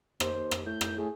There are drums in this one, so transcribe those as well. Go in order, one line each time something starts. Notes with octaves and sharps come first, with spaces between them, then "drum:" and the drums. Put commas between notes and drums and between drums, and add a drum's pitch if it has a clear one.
D#2 C5, drum: rim click
drum: rim click
A2 G6
drum: rim click
A2 G#4